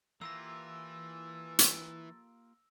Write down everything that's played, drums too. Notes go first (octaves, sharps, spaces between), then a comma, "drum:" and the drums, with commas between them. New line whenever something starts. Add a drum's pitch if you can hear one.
E3 A#3 F4 G4 A4 E6 A#6
drum: hi-hat